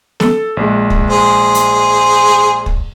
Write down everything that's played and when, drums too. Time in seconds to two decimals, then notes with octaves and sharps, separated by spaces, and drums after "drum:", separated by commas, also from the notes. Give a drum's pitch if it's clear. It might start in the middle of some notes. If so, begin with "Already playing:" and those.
0.20 A4, drum: snare
0.57 A#1 G#3
0.90 drum: kick
1.10 G#4 C5
1.54 drum: hi-hat
2.66 drum: kick